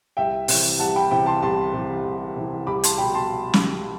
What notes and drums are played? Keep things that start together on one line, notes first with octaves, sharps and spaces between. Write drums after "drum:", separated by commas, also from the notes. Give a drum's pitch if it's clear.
C2 E5 G5
C3 E3, drum: open hi-hat
C2 F#5 A5
G5 B5
C3 E3 G5 B5
A5 C6
C2 A5 C6
C3 E3
C2
C3 E3
C2 B5 D6
A5 C6, drum: hi-hat
B2 G5 B5
A5 C6
drum: snare